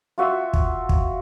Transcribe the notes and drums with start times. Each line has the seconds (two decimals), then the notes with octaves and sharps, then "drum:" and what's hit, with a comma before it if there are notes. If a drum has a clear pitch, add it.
0.18 F4 F#4 E5
0.53 drum: kick
0.89 drum: kick